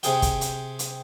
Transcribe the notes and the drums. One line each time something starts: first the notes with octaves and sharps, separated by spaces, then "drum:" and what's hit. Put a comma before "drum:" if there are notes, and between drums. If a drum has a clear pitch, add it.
C3 G#4 G5, drum: hi-hat
drum: kick, hi-hat
drum: hi-hat
drum: hi-hat